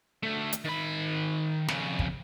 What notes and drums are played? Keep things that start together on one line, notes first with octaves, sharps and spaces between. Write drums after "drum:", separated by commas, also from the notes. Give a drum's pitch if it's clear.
D2 A3
drum: hi-hat
D#3 B5
F2 C#3, drum: snare
drum: kick